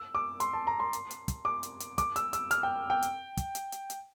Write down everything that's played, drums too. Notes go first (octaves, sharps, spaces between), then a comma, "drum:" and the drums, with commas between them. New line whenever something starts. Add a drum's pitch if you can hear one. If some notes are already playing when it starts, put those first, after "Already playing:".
Already playing: E6
D6
C6, drum: hi-hat
A5
A#5
C6
drum: hi-hat
drum: hi-hat
drum: kick, hi-hat
D6
drum: hi-hat
drum: hi-hat
D6, drum: kick, hi-hat
E6, drum: hi-hat
E6, drum: hi-hat
F6, drum: hi-hat
G5
G5
drum: hi-hat
drum: kick, hi-hat
drum: hi-hat
drum: hi-hat
drum: hi-hat